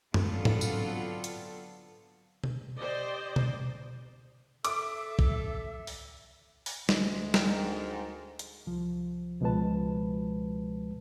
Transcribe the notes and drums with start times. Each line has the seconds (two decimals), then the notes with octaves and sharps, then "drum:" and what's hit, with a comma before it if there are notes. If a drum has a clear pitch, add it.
0.14 D3 F#3 B3 C4 F4 A4, drum: tom F#2
0.45 drum: tom G#2
0.61 drum: tambourine
1.24 drum: hi-hat
2.44 drum: tom B2
2.78 G4 C5 D5 D#5
3.36 drum: tom B2
4.65 A4 E5 D6, drum: hi-hat
5.19 drum: kick
5.87 drum: open hi-hat
6.66 drum: open hi-hat
6.89 D2 G#3, drum: snare
7.34 G#2 A#4 G5, drum: snare
8.39 drum: hi-hat
8.67 C2 F3
9.41 C#2 B2 F3 G#3 B4 A5